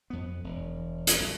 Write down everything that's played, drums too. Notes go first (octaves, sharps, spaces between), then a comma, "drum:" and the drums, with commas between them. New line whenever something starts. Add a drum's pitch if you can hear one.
F2 B3
E1
drum: hi-hat
G#1 F#3